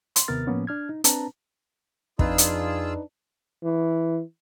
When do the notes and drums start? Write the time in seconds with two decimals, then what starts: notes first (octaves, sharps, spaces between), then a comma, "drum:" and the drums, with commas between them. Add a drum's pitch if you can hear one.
0.16 C6, drum: hi-hat
0.28 D#2 C3 B3 A#4 F6 A6
0.47 A2 F3 A#3 B3 C#4
0.67 D4 F6 G#6
0.89 D#4
1.04 C4 D4 B4 A5 A#5, drum: hi-hat
2.19 F2 D4 D#4 F4 G#4 B4 E6, drum: kick
2.38 drum: hi-hat
3.64 E3